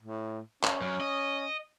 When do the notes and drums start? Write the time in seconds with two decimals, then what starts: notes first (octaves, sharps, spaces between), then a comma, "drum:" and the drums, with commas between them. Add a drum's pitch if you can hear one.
0.03 A2
0.63 C#4, drum: clap
0.82 F#2
1.01 D#5